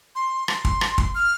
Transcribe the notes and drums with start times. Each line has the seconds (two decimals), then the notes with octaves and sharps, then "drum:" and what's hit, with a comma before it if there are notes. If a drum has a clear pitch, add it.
0.15 C6
0.48 C6, drum: rim click
0.65 drum: kick
0.81 drum: rim click
0.98 drum: kick
1.14 F6